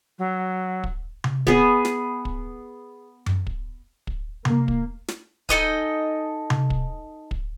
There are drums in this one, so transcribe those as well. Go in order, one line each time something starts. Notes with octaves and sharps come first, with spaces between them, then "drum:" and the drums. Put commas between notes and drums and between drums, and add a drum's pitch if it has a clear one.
F#3
drum: kick
drum: tom C3
B3 G#4, drum: kick
drum: snare
drum: kick
drum: tom F#2
drum: kick
drum: kick
A#3, drum: tom C3
drum: kick
drum: snare
D#4 A4 D#5 G#5, drum: kick
drum: tom C3
drum: kick
drum: kick